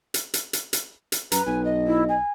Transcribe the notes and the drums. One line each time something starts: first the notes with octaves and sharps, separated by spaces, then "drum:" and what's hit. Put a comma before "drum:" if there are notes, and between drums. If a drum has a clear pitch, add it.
drum: hi-hat
drum: hi-hat
drum: hi-hat
drum: hi-hat
drum: hi-hat
F#2 B4 A#5, drum: hi-hat
B1 G#5
D#5
E4
G#5